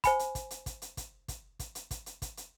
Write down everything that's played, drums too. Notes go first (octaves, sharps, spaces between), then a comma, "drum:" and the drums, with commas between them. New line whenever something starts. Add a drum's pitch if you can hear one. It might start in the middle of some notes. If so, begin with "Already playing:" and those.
C5 G#5 B5, drum: kick, hi-hat
drum: hi-hat
drum: kick, hi-hat
drum: hi-hat
drum: kick, hi-hat
drum: hi-hat
drum: kick, hi-hat
drum: kick, hi-hat
drum: kick, hi-hat
drum: hi-hat
drum: kick, hi-hat
drum: hi-hat
drum: kick, hi-hat
drum: hi-hat